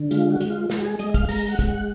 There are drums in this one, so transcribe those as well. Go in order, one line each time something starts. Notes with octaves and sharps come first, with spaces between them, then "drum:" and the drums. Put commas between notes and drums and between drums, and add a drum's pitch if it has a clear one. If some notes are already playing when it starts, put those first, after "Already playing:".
Already playing: D3
G#3 F4, drum: hi-hat
F#4
G#3, drum: hi-hat
F4
G#3 F#4, drum: snare
G#4
G#3 D#5, drum: hi-hat
F5, drum: kick, hi-hat
G#3 A#5, drum: open hi-hat
F#5
G#3, drum: kick, hi-hat
F#5